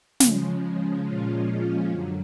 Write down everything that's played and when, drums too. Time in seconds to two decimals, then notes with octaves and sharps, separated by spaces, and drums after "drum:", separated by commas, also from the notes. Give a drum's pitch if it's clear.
0.20 C#3 F3 G#3 C#4, drum: snare
1.04 A#2 F3 G#3 C#4 F4
1.88 F#2 D3 F#3